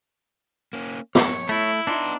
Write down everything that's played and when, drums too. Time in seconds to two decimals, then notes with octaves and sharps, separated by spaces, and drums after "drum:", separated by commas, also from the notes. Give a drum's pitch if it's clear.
0.73 A#3 C#4
1.15 C#5, drum: snare
1.49 A3 E4
1.87 B3 D4 D#4 C6